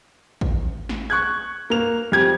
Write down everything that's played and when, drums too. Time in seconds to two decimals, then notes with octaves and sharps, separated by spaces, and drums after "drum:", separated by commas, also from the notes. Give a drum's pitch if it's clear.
0.41 drum: kick A1
0.89 drum: snare
1.10 C#6 F#6 G#6
1.70 A#3 F7
2.12 F2 G4 G#6